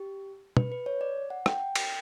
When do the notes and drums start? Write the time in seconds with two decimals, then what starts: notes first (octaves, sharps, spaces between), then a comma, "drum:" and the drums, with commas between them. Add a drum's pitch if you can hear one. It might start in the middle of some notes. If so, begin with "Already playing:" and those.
Already playing: G4
0.57 B4, drum: tom
0.72 B4
0.86 C#5
1.01 D5
1.30 F#5
1.46 G5, drum: rim click
1.76 drum: cymbal